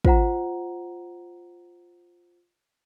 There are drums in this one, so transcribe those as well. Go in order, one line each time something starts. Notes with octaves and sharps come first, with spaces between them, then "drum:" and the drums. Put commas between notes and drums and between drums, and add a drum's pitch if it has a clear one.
F4 C5 F#5 A#5, drum: kick